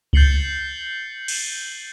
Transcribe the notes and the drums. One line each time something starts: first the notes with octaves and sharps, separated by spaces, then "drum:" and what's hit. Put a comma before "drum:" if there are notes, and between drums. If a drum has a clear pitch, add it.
G6 A6 C7 C#7 F#7 G7, drum: kick C#2
drum: cymbal